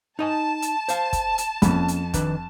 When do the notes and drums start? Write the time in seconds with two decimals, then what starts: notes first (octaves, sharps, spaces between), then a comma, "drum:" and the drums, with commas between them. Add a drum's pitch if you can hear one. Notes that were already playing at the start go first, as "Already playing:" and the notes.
0.19 D#4 D#5 G#5 A5
0.62 drum: hi-hat
0.88 C5 F5, drum: hi-hat
1.13 drum: kick, hi-hat
1.38 drum: hi-hat
1.62 F2 A#3 C#4 B5, drum: kick, hi-hat
1.88 drum: hi-hat
2.14 D#3 D4 B4, drum: kick, hi-hat